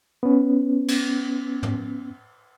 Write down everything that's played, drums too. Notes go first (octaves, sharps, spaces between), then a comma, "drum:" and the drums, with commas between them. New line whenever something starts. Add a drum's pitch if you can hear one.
B3 C#4
drum: cymbal
drum: tom